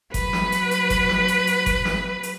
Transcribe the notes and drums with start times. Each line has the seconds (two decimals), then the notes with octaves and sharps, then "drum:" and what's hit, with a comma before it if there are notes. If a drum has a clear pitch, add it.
0.14 F#3 B4, drum: kick G1, hi-hat
0.33 drum: snare
0.52 drum: hi-hat
0.71 drum: hi-hat
0.90 drum: kick G1, hi-hat
1.09 drum: snare
1.28 drum: hi-hat
1.47 drum: hi-hat
1.66 drum: kick G1, hi-hat
1.85 drum: snare
2.23 drum: hi-hat